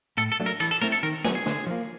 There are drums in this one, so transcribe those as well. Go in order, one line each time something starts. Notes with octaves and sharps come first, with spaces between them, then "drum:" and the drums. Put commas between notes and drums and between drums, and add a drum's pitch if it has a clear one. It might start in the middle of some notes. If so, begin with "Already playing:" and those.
A2 A4
A4
F#3 A3 D4
A#4
E3 A4, drum: cymbal
A4
A3 C4 E4 A#4, drum: hi-hat
A4
D#3 A#4
F#3 B3 D4 G#4, drum: snare
G#4
D3, drum: snare
F3 A#3